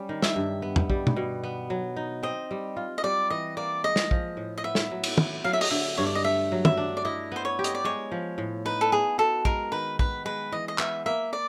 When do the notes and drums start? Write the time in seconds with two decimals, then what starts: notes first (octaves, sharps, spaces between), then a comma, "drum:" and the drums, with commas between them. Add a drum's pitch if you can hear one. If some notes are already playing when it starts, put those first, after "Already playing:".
Already playing: G3 C#4
0.09 D#3
0.22 E5, drum: snare
0.36 G2
0.62 B3
0.76 drum: tom
0.90 G3, drum: kick
1.07 drum: tom
1.16 B2
1.44 B3
1.70 F#3
1.96 D#4
2.23 C4 D#5
2.51 G3
2.76 F4
2.98 D#5
3.04 G3 D5
3.30 E3 D#5
3.57 A#3 D5
3.84 G#3 D#5
3.96 drum: snare
4.11 F3, drum: kick
4.37 A2
4.58 D#5
4.64 B3 E5
4.75 drum: snare
4.91 F#3
5.04 drum: cymbal
5.18 E4, drum: tom
5.44 F#3 F5
5.53 E5
5.61 D#5, drum: open hi-hat
5.70 D3 E5
5.97 G2 C#5
6.06 D5
6.15 D#5
6.24 A3 E5
6.52 F#3
6.65 E5, drum: tom
6.77 D4
6.97 D5
7.05 E4 D#5
7.32 B3 C5
7.45 C#5
7.59 G4
7.64 D#5, drum: hi-hat
7.75 D5
7.84 G#3 C#5
8.11 F3
8.38 A2
8.65 D#4 B4
8.81 A4
8.92 B3 G#4
9.18 F#4 A4
9.45 G#3 A#4, drum: kick
9.72 D#3 B4
9.99 B3 B4, drum: kick
10.25 G#3 B4
10.52 E3 D#5
10.68 D#5
10.79 B3 E5, drum: clap
11.06 A#3 E5
11.33 D5